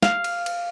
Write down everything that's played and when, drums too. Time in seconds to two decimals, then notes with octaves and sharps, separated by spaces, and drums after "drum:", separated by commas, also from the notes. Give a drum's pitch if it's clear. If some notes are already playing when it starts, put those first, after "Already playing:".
0.03 F5, drum: snare
0.24 drum: cymbal
0.46 drum: cymbal